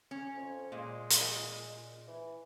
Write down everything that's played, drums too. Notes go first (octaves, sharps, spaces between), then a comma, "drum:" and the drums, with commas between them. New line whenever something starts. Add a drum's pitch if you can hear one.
C#4
F2
A#2 G#3
drum: hi-hat
E3